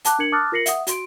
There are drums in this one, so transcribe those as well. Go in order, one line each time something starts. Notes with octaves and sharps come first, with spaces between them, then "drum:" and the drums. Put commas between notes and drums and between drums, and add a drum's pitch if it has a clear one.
F#5 A5 D6 F#6, drum: hi-hat
D4 A#4 G#6 C#7 F#7
A5 D6 D#6 F6 F#6 A6
F4 A#4 A#6 C7 C#7 F#7
E5 F#5 D#6, drum: hi-hat
F#4 C6 D7, drum: hi-hat